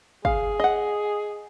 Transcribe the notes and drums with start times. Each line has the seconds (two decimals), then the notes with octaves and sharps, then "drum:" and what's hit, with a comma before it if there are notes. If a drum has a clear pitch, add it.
0.25 G#4 F5, drum: kick
0.59 D#5 F#5